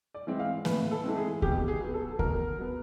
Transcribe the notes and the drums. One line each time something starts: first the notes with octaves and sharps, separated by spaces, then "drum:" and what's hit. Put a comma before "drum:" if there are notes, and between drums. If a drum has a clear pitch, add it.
D5
E3 G#3 C4
F5
A2 B4, drum: snare A#3
A4
E3 G#3 C4
G#4
B2 G4, drum: kick D2
G#4
F#3 B3
A4
B2 A#4, drum: kick D2
F#3 B3